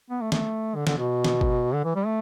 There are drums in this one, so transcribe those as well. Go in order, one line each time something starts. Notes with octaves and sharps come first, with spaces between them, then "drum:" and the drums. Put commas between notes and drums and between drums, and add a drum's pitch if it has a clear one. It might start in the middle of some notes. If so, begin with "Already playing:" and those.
B3
A3
A3, drum: snare
D3
D3, drum: snare
B2
drum: snare
drum: kick G1
D3
E3
G3
A3